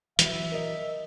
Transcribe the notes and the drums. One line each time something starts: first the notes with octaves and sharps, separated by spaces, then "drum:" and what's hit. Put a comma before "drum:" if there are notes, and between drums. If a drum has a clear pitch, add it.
E3 F#3 E5, drum: hi-hat
A#4 D#5